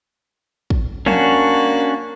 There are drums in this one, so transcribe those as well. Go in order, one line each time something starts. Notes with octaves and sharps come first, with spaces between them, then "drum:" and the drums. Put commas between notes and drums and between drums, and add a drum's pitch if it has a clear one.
drum: kick
A#3 C#4 D4 F#4, drum: tom F3